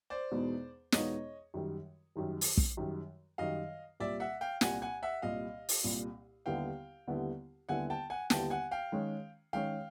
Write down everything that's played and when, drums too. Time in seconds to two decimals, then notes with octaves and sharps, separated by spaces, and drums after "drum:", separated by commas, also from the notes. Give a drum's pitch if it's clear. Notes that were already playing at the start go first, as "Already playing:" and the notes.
0.10 C5 D5
0.31 E2 B2 G#3 B3 D#4
0.92 E2 B2 G#3 B3 D#4 C#5 D#5, drum: snare
1.54 F#2 D#3 G3
2.16 F#2 D#3 G3
2.41 drum: open hi-hat
2.57 drum: kick
2.77 F#2 D#3 G3
3.38 F#2 D#3 G3 D#5 F5
4.00 C2 A#2 G3 D5 E5
4.20 E5 F#5
4.41 F5 G5
4.61 C2 A#2 G3 F#5 G#5, drum: snare
4.82 F#5 G#5
5.03 E5 F#5
5.22 C2 A#2 G3 D#5 F5
5.69 drum: open hi-hat
5.84 C2 A#2 G3
6.46 D#2 D3 G3 B3 E4 F5 G5
7.07 D#2 D3 G3 B3 E4
7.69 D#2 D3 G3 B3 E4 F#5 G#5
7.90 G5 A5
8.10 F#5 G#5
8.30 D#2 D3 G3 B3 E4 G5 A5, drum: snare
8.50 F#5 G#5
8.71 F5 G5
8.92 D#3 G#3 C#4
9.53 D#3 G#3 C#4 F5 G5